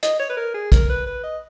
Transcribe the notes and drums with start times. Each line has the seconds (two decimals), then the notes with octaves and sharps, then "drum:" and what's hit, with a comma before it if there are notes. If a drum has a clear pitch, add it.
0.03 D#5, drum: hi-hat
0.20 C#5
0.30 B4
0.37 A#4
0.54 G#4
0.72 A#4, drum: kick, hi-hat
0.89 B4
1.06 B4
1.24 D#5